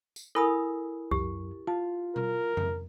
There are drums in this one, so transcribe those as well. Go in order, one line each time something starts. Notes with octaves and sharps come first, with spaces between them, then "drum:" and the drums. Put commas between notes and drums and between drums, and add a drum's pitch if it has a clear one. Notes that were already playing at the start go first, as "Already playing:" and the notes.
drum: tambourine
E4 A4 A#4 G#5 B5 D#6
F#2 G4, drum: kick C2
F4 A5
A#4, drum: tom B2
drum: tom F2